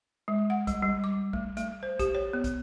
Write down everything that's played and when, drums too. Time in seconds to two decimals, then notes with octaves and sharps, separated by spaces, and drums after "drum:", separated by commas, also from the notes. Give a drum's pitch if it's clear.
0.28 G#3
0.50 F#5
0.67 G3, drum: kick, hi-hat
0.82 G3
1.04 D6
1.33 A3, drum: kick
1.57 A3, drum: hi-hat
1.83 C5
1.99 G4, drum: kick, hi-hat
2.15 C#5
2.33 B3
2.44 drum: kick, hi-hat